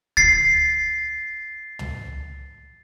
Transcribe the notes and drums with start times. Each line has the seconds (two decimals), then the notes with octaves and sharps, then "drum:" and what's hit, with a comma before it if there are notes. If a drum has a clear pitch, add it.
0.17 A6 C7, drum: kick
1.79 drum: tom